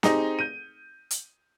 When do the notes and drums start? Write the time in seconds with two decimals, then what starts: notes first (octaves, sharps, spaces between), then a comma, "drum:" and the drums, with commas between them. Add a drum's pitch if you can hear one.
0.03 C4 D#4 G4 G#4, drum: snare
0.39 G6 D#7
1.11 drum: hi-hat